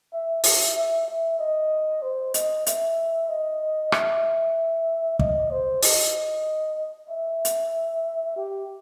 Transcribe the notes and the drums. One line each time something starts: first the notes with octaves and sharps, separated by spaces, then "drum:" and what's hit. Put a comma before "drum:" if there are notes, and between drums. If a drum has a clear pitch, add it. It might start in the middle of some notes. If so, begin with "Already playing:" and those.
E5
E5, drum: open hi-hat
E5
E5
D#5
C5
D#5, drum: hi-hat
E5, drum: hi-hat
D#5
E5, drum: rim click
D#5, drum: kick
C5
D#5, drum: open hi-hat
E5
drum: hi-hat
G4